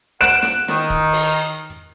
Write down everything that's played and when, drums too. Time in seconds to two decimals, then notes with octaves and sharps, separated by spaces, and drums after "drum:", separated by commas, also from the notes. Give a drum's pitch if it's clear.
0.21 F#5 F#6 D7 E7
0.43 drum: snare
0.68 D#3, drum: snare
0.90 drum: kick
1.13 drum: open hi-hat